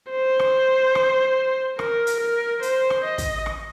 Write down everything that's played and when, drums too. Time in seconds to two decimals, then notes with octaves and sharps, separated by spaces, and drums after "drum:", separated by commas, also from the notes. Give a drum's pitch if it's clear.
0.12 C5
0.39 drum: rim click
0.95 drum: rim click
1.79 A#4, drum: rim click
2.07 drum: hi-hat
2.20 A#4
2.62 C5, drum: hi-hat
2.90 drum: rim click
3.04 D#5
3.18 drum: kick, hi-hat
3.46 drum: rim click